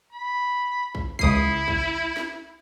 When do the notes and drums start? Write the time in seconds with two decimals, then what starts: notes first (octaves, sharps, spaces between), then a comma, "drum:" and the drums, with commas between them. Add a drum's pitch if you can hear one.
0.12 B5
0.95 drum: kick A#1
1.19 C#2 E4 D#6 C7, drum: kick A#1
1.68 drum: kick A#1
2.17 drum: snare